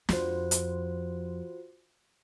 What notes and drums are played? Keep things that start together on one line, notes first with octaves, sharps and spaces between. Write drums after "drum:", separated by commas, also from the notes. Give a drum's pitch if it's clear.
F2 F4 F#4 C5, drum: snare
drum: hi-hat